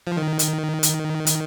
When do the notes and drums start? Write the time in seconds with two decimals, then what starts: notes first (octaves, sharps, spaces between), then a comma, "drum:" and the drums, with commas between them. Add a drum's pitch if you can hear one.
0.07 F3
0.17 D#3
0.39 drum: hi-hat
0.83 drum: hi-hat
1.27 drum: hi-hat